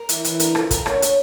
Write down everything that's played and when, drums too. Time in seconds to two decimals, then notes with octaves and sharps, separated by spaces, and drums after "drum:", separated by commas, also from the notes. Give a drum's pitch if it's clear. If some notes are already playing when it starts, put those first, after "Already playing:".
Already playing: A#4
0.09 E3, drum: hi-hat
0.24 E3, drum: hi-hat
0.40 D3 A#4, drum: hi-hat
0.55 F3 A4, drum: rim click
0.71 F2 A#4, drum: kick, hi-hat
0.86 D3 C#5, drum: rim click
1.02 C#5, drum: hi-hat